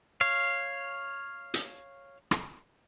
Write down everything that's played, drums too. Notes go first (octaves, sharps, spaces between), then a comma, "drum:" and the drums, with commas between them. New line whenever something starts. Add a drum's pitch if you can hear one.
C#5 F5
drum: hi-hat
drum: rim click